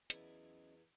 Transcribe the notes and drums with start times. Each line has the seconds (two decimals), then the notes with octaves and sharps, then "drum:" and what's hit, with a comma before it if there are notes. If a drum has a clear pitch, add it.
0.10 E2 F#3 C#4 E4 D#5, drum: hi-hat